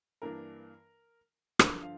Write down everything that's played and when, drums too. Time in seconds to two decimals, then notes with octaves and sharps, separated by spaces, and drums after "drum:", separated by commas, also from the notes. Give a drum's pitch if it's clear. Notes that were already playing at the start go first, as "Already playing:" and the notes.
0.22 G2 E3 A#3 D4 A#4
1.59 G2 D3 F3 A#4, drum: rim click
1.82 F5